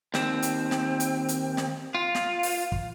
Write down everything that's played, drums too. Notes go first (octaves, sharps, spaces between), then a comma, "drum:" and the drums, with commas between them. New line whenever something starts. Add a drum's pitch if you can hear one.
D#2 C4, drum: snare
drum: hi-hat
drum: snare
drum: hi-hat
drum: hi-hat
drum: snare
F4
drum: snare
drum: open hi-hat
drum: kick